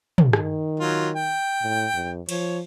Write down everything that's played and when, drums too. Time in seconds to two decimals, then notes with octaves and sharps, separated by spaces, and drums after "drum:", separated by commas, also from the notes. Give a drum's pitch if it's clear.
0.18 drum: tom
0.33 D#3, drum: rim click
0.80 F#3 F4
1.15 G5
1.62 A2
1.94 F2
2.29 F3 C#5, drum: cymbal